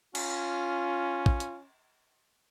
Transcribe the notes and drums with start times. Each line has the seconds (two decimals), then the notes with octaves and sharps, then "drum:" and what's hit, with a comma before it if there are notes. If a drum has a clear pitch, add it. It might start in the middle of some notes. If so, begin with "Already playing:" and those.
0.15 C#4 F4, drum: cymbal
1.26 drum: kick
1.40 drum: hi-hat